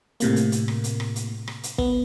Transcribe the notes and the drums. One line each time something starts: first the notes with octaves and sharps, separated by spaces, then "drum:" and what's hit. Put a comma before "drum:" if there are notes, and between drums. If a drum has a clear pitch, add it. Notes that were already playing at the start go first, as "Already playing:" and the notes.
A2 C3 A#3, drum: hi-hat
drum: hi-hat
drum: hi-hat
drum: rim click
drum: hi-hat
drum: rim click
drum: hi-hat
drum: rim click
drum: hi-hat
B3, drum: kick